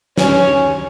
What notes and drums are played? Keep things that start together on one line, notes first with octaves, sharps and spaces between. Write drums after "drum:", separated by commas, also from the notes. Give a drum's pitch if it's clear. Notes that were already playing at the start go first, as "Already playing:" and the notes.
C#4, drum: snare